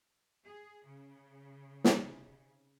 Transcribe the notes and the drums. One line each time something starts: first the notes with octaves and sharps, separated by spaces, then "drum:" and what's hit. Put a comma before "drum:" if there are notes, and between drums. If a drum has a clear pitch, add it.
G#4
C#3
C3 D#4 G#5, drum: snare